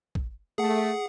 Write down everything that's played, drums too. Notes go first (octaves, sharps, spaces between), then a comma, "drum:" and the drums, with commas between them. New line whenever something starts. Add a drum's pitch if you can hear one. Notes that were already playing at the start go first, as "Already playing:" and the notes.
drum: kick
A3 G#4 F#5